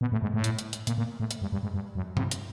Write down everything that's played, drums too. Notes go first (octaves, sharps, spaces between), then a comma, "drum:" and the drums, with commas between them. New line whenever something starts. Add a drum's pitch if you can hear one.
B2
A2
G#2
A2
drum: hi-hat
drum: hi-hat
drum: hi-hat
A#2, drum: hi-hat
A#2
A2
drum: hi-hat
G2
G2
G#2
G2
F#2
C3, drum: tom G2
drum: hi-hat